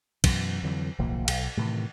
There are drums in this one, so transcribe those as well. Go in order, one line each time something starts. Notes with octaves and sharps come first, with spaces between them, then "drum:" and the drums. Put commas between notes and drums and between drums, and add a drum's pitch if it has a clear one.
F#2 B2 E3, drum: kick, cymbal
F2 D3 E3 F#3
D1 B1 F3 A#3
B1, drum: cymbal
A2 C3 D#3 E3